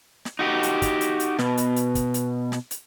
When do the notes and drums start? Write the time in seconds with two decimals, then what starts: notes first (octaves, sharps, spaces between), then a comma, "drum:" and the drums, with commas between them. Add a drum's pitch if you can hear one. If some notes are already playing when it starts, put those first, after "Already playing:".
0.25 drum: snare
0.39 D#4 F#4 G4
0.63 drum: hi-hat
0.82 drum: kick, hi-hat
1.01 drum: hi-hat
1.20 drum: hi-hat
1.39 B2, drum: snare
1.57 drum: hi-hat
1.76 drum: hi-hat
1.95 drum: kick, hi-hat
2.14 drum: hi-hat
2.52 drum: snare
2.71 drum: hi-hat